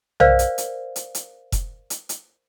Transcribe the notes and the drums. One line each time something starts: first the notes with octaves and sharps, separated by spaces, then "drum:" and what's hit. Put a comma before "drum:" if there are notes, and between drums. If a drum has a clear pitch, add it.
A#4 C5 D5 F5, drum: tom B1
drum: hi-hat
drum: hi-hat
drum: hi-hat
drum: hi-hat
drum: kick F1, hi-hat
drum: hi-hat
drum: hi-hat